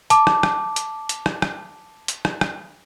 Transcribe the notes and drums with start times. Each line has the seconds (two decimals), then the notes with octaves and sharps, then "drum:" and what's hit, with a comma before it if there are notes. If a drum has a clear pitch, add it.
0.10 A5 D6, drum: hi-hat
0.27 drum: rim click
0.43 drum: rim click
0.76 drum: hi-hat
1.09 drum: hi-hat
1.26 drum: rim click
1.42 drum: rim click
2.08 drum: hi-hat
2.25 drum: rim click
2.41 drum: rim click